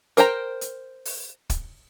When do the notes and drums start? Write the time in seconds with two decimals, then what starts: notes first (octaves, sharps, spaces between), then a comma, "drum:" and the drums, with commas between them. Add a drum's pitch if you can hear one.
0.17 A#4 C5 G5 A#5, drum: hi-hat
0.61 drum: hi-hat
1.05 drum: open hi-hat
1.50 drum: kick, hi-hat